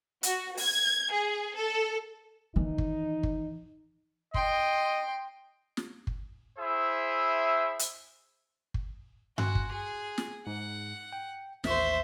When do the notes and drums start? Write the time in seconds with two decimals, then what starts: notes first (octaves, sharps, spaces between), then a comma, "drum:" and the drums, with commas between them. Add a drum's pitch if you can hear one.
0.23 F#4, drum: hi-hat
0.57 G#6, drum: open hi-hat
1.11 G#4
1.55 A4
2.56 D#3 E3 D#4
2.78 drum: kick
3.23 drum: kick
4.34 D#5 G5 C6, drum: kick
5.77 drum: snare
6.07 drum: kick
6.57 E4 G#4 C5 E5
7.79 drum: hi-hat
8.74 drum: kick
9.38 F#4 G#5 C6 F#6, drum: tom G2
9.55 drum: kick
9.72 G#4
10.18 drum: snare
10.47 G#2 F#5
11.13 G5
11.64 A1 D#2 C5 E5 C#6, drum: snare